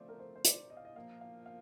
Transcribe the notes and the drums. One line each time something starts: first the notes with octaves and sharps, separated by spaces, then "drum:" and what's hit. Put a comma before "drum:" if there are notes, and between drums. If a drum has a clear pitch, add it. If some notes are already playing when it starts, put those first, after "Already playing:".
Already playing: D3 F3 A3 C4 C5 D5
A#4
C5
C5
D5, drum: hi-hat
D#5
F5
D#5
A#2 F3 A#3 F5
F5
F5